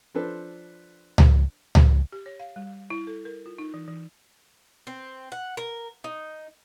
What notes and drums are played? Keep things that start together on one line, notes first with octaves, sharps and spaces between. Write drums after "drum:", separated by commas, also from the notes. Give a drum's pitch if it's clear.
F3 D4 A4 B4 C5
drum: tom C#2
drum: tom C#2
G4
C#5
F5
G3
E4
A4
A#4
F4
D#4
E3
E3
C4
F#5
A#4
D#4